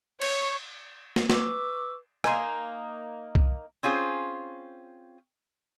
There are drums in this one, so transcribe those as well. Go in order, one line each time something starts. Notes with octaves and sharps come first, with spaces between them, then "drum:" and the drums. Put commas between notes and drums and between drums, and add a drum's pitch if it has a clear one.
C#5, drum: cymbal
drum: snare
B4 C#6 D6 E6, drum: snare
A#3 D#4 G#5 C6, drum: rim click
drum: kick C2
C4 C#4 F4 G#4 C5